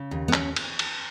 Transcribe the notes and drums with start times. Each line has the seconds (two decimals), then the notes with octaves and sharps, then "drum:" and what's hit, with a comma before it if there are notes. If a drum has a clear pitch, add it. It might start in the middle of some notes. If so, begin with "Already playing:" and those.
Already playing: C#3
0.11 D#2
0.28 B3
0.33 D#2 C#4, drum: clap
0.56 drum: cymbal
0.79 drum: cymbal